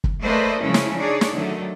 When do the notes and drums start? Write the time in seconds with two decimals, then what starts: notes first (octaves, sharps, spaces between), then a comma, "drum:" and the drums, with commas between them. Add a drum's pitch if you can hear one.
0.04 drum: kick
0.21 A3 A#3 B4 C5 D5 D#5
0.60 C#3 F3 G#3 C#4 E4
0.74 drum: snare
0.98 D4 D#4 G#4 C#5 D5
1.21 drum: snare
1.35 D3 D#3 F#3 A3